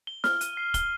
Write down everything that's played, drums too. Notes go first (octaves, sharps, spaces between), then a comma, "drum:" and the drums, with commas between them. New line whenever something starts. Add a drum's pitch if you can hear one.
G7
F6, drum: snare
D#7, drum: hi-hat
C7
G7, drum: kick, hi-hat